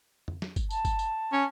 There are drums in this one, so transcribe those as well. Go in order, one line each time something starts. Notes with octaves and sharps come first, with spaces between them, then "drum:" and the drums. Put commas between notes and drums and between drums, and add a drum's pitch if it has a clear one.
drum: tom F2
drum: snare
drum: kick, tambourine
A5, drum: tambourine
drum: kick, tambourine
drum: tambourine
C#4